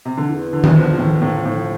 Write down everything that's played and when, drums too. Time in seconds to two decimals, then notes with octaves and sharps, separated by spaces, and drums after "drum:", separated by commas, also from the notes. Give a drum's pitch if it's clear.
0.05 C3
0.17 D3
0.29 E2 E3
0.53 D3
0.64 drum: tom D#3
0.76 D3 F3
0.98 A2
1.22 A2 F3
1.45 A2